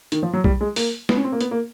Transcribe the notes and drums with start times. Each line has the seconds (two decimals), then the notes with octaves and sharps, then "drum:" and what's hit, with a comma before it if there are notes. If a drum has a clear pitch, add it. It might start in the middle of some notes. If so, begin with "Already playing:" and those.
0.12 D#3, drum: hi-hat
0.23 F3
0.33 F#3
0.44 G3, drum: kick B1
0.61 G#3
0.76 A#3, drum: open hi-hat
1.09 B3, drum: snare
1.17 C#4
1.24 C4
1.32 A#3
1.41 B3, drum: hi-hat
1.51 A#3